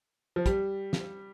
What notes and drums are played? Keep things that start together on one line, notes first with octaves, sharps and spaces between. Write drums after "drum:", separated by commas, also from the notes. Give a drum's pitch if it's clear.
F3
G3, drum: kick, hi-hat
drum: snare